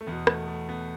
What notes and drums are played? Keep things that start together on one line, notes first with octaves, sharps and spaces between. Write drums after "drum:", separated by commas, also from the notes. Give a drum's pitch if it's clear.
A3
E2 B2 B3
A3, drum: rim click
A3
B3